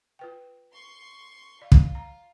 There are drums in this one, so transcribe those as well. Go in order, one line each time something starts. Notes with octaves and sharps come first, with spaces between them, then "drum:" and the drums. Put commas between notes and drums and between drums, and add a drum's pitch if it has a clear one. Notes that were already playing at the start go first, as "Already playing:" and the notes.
F4 B4 G5
C6 C#6 C7
F4 D5
drum: kick
A#5